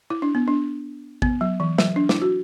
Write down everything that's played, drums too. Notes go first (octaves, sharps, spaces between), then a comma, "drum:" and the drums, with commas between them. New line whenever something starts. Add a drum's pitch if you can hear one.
E4
D4
B3
D4
B3, drum: kick
F#3
E3
F#3, drum: snare
D4
E4, drum: snare
F#4